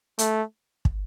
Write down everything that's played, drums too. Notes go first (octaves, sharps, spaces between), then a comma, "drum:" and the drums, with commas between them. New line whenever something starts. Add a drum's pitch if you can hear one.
A3, drum: hi-hat
drum: kick